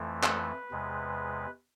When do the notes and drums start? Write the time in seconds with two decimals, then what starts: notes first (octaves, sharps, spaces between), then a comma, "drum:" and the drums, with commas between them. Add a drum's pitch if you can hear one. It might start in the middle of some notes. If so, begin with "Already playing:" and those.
Already playing: F2 E3 A3
0.23 B4, drum: clap
0.71 E2 C3 G#3